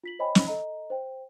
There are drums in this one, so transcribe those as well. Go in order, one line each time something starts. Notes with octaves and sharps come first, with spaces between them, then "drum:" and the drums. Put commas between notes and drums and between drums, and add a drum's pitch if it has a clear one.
F4 B6 F#7
C5 C#5 D#5 G5 G#5 B5
drum: snare
A4 D#5 A#5
C5 G5